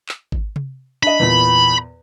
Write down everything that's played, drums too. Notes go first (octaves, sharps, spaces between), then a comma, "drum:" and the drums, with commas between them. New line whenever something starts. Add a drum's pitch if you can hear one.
drum: clap
drum: kick G#1
drum: tom C3
D4 D#5 B5
E2 A#2